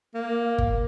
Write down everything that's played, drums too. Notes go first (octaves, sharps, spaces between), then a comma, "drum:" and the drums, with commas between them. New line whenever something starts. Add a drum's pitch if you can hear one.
A#3
drum: kick G1